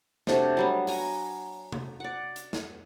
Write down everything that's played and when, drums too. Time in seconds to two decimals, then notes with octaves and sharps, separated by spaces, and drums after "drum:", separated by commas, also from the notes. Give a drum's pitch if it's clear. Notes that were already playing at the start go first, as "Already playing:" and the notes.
0.27 C3 A3 D4 F#4, drum: snare
0.57 F#3 G3 B3
0.87 F#4 G#5 A#5, drum: open hi-hat
1.72 drum: tom C3
2.00 D5 F#5
2.36 drum: hi-hat
2.53 drum: snare